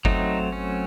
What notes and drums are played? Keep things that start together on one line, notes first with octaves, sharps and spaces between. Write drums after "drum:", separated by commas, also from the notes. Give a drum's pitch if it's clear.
F#3 A3 C4 D#4, drum: kick F#1
C#4